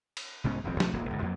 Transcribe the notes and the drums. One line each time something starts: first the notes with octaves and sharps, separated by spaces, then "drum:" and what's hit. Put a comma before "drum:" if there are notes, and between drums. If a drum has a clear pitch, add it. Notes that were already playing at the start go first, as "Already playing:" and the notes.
drum: cymbal
C2 G#2 B3 C#4
D#1 G#1 F2 C4
B1 A3, drum: snare
D#1 G#1 D#2 A#3
G1 C#2 G#2
F2 F#3 A#3